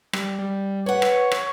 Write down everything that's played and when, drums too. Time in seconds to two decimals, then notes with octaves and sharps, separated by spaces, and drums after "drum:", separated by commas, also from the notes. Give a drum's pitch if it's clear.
0.13 G3, drum: rim click
0.39 G3
0.86 B4 C#5 F#5
1.02 drum: rim click
1.32 drum: rim click